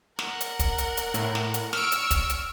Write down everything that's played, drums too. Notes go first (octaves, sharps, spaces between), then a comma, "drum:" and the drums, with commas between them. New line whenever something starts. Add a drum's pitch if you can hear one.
A#4 F#5, drum: snare
drum: hi-hat
drum: kick, hi-hat
drum: hi-hat
drum: hi-hat
A2, drum: hi-hat
drum: snare
drum: hi-hat
C#6 E6 F6 D7, drum: snare
drum: hi-hat
drum: kick, hi-hat
drum: hi-hat